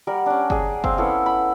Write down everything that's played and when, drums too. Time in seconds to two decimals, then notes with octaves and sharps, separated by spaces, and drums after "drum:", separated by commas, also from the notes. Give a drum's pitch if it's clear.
0.07 G3 A#4 F#5
0.26 C#4 D4
0.50 D4 G#4, drum: kick F#1
0.84 C4 C5 F5, drum: kick F#1
0.98 B3 C#4 E4 A4
1.26 B5